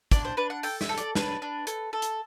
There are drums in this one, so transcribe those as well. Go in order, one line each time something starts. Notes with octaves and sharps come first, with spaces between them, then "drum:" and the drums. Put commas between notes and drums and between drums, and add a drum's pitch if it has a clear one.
D4 D5, drum: kick, hi-hat
C5
D4 B4
F#5
A4 G5, drum: open hi-hat
E5, drum: snare
A4
D5, drum: hi-hat
D4 B4, drum: snare
D4
A4, drum: hi-hat
A4
drum: hi-hat